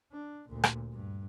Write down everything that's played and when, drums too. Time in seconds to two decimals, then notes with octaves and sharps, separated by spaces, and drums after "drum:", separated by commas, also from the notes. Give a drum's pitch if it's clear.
0.12 D4
0.48 D2 A#2
0.64 drum: rim click
0.93 G2